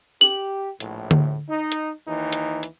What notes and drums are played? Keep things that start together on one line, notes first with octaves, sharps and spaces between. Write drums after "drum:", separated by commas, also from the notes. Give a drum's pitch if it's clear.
G4 F#7
A#1 A2, drum: hi-hat
drum: tom D3
D#4
drum: hi-hat
D#2 E3 D#4
drum: hi-hat
drum: hi-hat